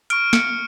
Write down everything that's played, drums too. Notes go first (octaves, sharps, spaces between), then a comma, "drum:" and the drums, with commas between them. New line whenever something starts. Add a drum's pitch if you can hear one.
C#6 F6 D7, drum: hi-hat
C#7, drum: snare